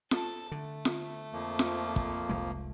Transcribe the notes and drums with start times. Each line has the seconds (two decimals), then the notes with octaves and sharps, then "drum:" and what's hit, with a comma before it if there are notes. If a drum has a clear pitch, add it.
0.11 A4 A5, drum: snare F4
0.52 D3 A3
0.85 drum: snare F4
1.33 F2 F3 A#3
1.59 drum: snare F4
1.96 drum: kick
2.29 F1 C2 G#3